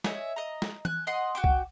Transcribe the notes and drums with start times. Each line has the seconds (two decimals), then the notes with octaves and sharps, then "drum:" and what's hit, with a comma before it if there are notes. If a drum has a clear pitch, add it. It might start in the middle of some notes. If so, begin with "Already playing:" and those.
0.04 C#5 D#5 E5 G#5, drum: snare
0.36 D#5 A#5
0.62 drum: snare
0.85 G#5 F#6, drum: tom E3
1.07 D#5 F#5 C6 D#6
1.35 F#4 G5 D6
1.44 drum: kick C2